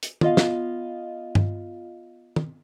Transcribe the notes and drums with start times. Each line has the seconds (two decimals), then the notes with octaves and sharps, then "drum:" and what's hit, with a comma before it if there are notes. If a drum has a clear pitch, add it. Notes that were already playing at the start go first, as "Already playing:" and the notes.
0.03 drum: hi-hat
0.21 B3 F4 D#5 F5, drum: tom
0.37 drum: snare
1.35 drum: tom G2
2.36 drum: tom